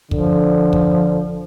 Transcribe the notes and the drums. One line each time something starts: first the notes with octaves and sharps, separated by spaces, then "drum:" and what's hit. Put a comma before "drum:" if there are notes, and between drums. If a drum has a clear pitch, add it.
D3 F3, drum: kick
drum: kick